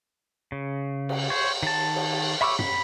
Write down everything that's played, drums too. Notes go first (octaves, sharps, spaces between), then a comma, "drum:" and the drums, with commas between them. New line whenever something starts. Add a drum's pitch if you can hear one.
C#3
drum: cymbal
C5 C#5
D#3 A5
drum: cymbal
E5 B5 C#6 D6 E6
B5, drum: tom